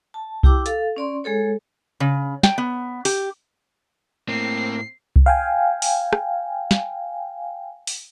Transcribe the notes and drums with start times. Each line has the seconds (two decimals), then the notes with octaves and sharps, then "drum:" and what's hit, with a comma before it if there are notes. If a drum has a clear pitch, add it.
0.14 A5
0.43 E4 G4 G5 D6 E6, drum: kick C2
0.66 A4 F5, drum: hi-hat
0.96 C#4 D5 C6
1.24 G#3 G#4 A4 C#5
2.00 C#3
2.43 G5, drum: snare
2.58 B3
3.05 G4, drum: open hi-hat
4.29 A2 A#3 C4 C7
5.16 drum: kick C2
5.26 F5 G5 G#5
5.82 drum: open hi-hat
6.13 drum: rim click
6.71 drum: snare
7.87 drum: open hi-hat